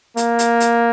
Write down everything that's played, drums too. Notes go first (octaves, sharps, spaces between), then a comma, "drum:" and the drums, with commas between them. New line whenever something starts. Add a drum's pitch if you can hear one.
A#3, drum: hi-hat
drum: hi-hat
drum: hi-hat